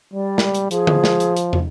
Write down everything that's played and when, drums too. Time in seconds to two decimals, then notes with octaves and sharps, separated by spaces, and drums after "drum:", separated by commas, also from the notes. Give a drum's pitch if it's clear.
0.14 G3 D5
0.38 drum: snare
0.54 drum: hi-hat
0.71 F3 G#4, drum: hi-hat
0.87 drum: tom D3
1.04 drum: snare
1.20 drum: hi-hat
1.37 drum: hi-hat
1.53 drum: tom